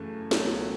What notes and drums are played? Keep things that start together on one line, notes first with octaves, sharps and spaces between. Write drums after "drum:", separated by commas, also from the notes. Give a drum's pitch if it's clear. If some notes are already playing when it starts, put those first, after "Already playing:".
Already playing: F#2 C#3 E3 A3
C#2 B2 F#3 A3 C#4, drum: snare